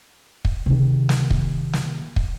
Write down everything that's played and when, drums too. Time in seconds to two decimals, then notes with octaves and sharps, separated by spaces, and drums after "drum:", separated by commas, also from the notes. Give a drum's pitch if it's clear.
0.45 drum: kick
0.66 C3 D#3
1.09 drum: snare
1.30 drum: kick
1.73 drum: snare
2.16 drum: kick